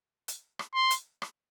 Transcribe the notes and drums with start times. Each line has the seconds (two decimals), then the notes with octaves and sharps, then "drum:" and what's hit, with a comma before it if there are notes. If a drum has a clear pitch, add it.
0.28 drum: hi-hat
0.59 drum: rim click
0.75 C6
0.91 drum: hi-hat
1.22 drum: rim click